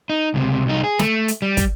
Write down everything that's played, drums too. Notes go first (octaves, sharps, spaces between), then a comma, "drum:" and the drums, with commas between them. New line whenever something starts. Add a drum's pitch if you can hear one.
D#4
C#2 C3
C2 D#4
G#4
A3, drum: snare
drum: hi-hat
G3
drum: kick, hi-hat